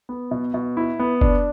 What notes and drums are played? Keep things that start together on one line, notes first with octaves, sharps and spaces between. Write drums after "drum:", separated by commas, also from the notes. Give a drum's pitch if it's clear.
B3
B2
B2
E4
B3
D4, drum: kick F1